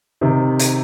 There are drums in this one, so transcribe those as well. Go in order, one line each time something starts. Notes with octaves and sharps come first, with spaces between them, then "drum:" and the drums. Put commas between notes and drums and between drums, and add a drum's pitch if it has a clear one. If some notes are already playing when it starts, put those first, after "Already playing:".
C3 D#3
drum: hi-hat